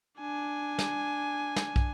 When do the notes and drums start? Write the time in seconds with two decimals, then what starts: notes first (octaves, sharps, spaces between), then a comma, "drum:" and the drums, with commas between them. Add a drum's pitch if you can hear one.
0.20 D4 G#5
0.78 drum: snare
1.56 drum: snare
1.76 drum: kick